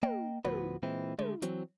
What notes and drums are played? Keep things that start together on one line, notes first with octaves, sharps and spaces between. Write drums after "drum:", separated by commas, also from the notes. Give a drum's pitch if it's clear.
A#3 D#5 G5, drum: tom
D2 A2 F3 B3 F#4 B4, drum: tom
A#2 E3 G#3 C4 E4
D3 G#3 A3, drum: tom
E3 F#3 C4, drum: hi-hat